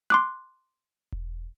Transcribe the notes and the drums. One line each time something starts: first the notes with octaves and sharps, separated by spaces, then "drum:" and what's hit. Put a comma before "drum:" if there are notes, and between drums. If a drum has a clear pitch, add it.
C6 D6 F#6
drum: kick E1